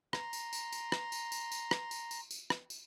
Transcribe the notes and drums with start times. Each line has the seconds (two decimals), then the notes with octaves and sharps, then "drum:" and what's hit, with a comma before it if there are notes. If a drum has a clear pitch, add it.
0.13 A#5 C6, drum: rim click
0.33 drum: tambourine
0.53 drum: tambourine
0.72 drum: tambourine
0.92 drum: rim click
1.12 drum: tambourine
1.32 drum: tambourine
1.52 drum: tambourine
1.71 drum: rim click
1.91 drum: tambourine
2.11 drum: tambourine
2.31 drum: tambourine
2.50 drum: rim click
2.70 drum: tambourine